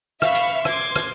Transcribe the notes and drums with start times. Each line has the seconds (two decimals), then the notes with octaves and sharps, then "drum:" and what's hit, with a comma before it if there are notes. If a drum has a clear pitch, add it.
0.22 E5 F5 B5 C#6, drum: rim click
0.35 drum: hi-hat
0.65 C6 D6 G#6, drum: rim click
0.96 drum: rim click